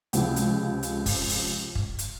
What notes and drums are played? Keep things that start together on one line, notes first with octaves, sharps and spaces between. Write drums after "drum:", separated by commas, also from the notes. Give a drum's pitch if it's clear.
C#2 C3 F3 G#3, drum: hi-hat
drum: hi-hat
drum: hi-hat
drum: kick, open hi-hat
drum: open hi-hat
drum: kick
drum: hi-hat